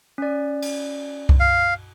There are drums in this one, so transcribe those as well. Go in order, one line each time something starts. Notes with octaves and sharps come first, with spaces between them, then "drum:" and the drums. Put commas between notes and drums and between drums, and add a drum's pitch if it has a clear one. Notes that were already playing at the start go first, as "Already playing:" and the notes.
C#4 D5
drum: cymbal
drum: kick C2
F5